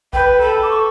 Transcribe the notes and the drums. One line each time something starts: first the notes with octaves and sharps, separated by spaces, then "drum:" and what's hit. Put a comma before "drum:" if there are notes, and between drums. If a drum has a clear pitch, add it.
B4 G5, drum: kick G#1
A4 B5
D6
C#6